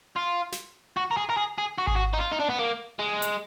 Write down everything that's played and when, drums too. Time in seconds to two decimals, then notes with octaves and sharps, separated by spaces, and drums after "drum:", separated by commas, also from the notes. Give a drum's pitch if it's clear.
0.16 F4
0.52 drum: snare
0.97 F#4
1.11 A#4
1.17 G#4
1.29 A#4
1.37 G#4
1.58 G#4
1.78 F#4
1.87 G#4, drum: kick G#1
1.96 F#4
2.13 D#4
2.19 F4
2.31 D#4
2.40 D4
2.49 B3
2.59 A#3
2.99 G#3
3.22 drum: hi-hat